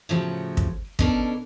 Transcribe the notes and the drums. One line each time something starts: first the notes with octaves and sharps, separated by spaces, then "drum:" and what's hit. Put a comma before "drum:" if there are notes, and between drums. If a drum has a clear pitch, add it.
A2 C#3 F3 F#3
drum: kick
B2 C#4 D4 A4 A#4, drum: kick